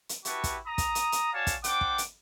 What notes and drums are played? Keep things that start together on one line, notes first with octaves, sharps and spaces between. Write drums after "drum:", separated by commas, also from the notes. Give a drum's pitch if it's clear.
drum: hi-hat
E4 F#4 G4 B4 A5 C#6, drum: hi-hat
drum: kick, hi-hat
A#5 D#6
drum: kick, hi-hat
drum: hi-hat
drum: hi-hat
F#4 C#5 D5 F5 G#5 A5
drum: kick, hi-hat
D4 C5 F#5 G5 D6, drum: hi-hat
drum: kick
drum: hi-hat